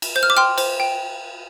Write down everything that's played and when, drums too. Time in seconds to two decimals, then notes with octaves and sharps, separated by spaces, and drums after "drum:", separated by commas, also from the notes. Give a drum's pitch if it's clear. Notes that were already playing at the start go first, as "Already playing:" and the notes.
0.02 drum: cymbal
0.16 C5 G6
0.23 F6
0.30 D6
0.37 G5 C6 F6
0.58 C5, drum: cymbal
0.80 G5